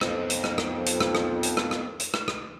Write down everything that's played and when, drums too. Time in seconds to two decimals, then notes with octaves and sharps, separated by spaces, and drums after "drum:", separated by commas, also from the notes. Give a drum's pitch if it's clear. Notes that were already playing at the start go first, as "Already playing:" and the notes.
0.01 F2 B3 D#4, drum: rim click
0.30 drum: hi-hat
0.44 drum: rim click
0.58 drum: rim click
0.86 drum: hi-hat
1.00 drum: rim click
1.15 drum: rim click
1.43 drum: hi-hat
1.57 drum: rim click
1.71 drum: rim click
2.00 drum: hi-hat
2.14 drum: rim click
2.28 drum: rim click